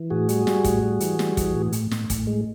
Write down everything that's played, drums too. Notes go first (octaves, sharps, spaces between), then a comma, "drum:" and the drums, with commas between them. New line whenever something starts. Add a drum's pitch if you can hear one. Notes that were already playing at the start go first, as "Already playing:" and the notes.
Already playing: E3
A2 F#4 G#4
G3, drum: hi-hat
G3, drum: snare
A2, drum: kick, hi-hat
G3
E3, drum: hi-hat
G3, drum: snare
E3, drum: kick, hi-hat
A2
A2, drum: hi-hat
A2, drum: snare
A2, drum: kick, hi-hat
G#3